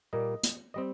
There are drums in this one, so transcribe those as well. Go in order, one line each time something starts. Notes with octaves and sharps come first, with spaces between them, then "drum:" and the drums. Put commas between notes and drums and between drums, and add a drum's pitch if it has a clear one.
A#2 G3 A#3 D#5
drum: hi-hat
G3 C4 D#5